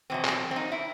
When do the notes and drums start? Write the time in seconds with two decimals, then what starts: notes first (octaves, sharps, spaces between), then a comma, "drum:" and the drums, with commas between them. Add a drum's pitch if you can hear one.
0.10 E2 B2 F#3 C4
0.25 drum: clap
0.51 C4
0.56 D#4
0.72 E4